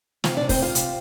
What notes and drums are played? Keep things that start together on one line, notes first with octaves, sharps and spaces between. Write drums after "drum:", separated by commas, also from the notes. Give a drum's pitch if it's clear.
C3 F4 F5, drum: snare
D4 D5
C3
C4 C5, drum: kick, open hi-hat
C3 F4 F5
C3, drum: hi-hat